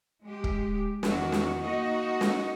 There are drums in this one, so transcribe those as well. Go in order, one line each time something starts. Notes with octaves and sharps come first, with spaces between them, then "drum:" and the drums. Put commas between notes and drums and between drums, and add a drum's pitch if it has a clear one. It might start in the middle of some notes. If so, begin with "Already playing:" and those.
G#3 G4
drum: kick
E2 D#3 F#4, drum: snare
drum: snare
A#3 D#4 F#4 D#5
drum: snare